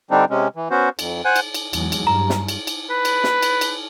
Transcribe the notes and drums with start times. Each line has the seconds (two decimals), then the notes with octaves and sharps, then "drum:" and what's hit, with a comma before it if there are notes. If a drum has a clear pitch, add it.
0.11 D3 G3 C4 D4 D#4
0.30 C3 G#3 C#4
0.56 E3
0.71 B3 C#4 F#4 C5
0.99 F2, drum: cymbal
1.25 C5 F#5 G#5 F#6
1.36 drum: cymbal
1.54 drum: cymbal
1.73 E2 F#3 G#3, drum: cymbal
1.92 drum: cymbal
2.07 G2 A#5
2.30 drum: snare
2.48 drum: cymbal
2.67 drum: cymbal
2.90 B4
3.05 drum: cymbal
3.24 drum: snare
3.43 drum: cymbal
3.61 drum: cymbal